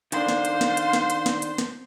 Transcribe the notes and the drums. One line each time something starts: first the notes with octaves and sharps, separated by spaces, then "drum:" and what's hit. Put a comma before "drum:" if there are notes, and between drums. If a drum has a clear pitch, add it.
D#3 D4 C5 F5 C6, drum: hi-hat
drum: snare
drum: hi-hat
drum: snare
drum: hi-hat
drum: snare
drum: hi-hat
drum: snare
drum: hi-hat
drum: snare